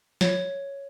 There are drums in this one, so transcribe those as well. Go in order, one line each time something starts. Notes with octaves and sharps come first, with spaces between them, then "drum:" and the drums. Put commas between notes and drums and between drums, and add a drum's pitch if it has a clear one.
C#5, drum: snare